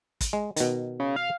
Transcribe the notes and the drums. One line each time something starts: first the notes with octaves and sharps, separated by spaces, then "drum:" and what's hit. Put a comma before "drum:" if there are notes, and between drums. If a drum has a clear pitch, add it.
drum: kick, hi-hat
G#3
B2 D#3, drum: hi-hat
C#3
F5